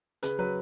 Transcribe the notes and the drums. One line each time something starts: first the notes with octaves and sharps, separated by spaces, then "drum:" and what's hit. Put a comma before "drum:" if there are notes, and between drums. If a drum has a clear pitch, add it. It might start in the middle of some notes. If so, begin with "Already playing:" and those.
C#3 B4, drum: hi-hat
F#3 B4